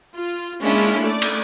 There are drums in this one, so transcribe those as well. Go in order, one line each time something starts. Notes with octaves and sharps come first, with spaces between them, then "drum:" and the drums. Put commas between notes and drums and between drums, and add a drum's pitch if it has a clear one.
F4
G#3 A#3 C#4 D4 E4 F4
A3 D5
drum: cymbal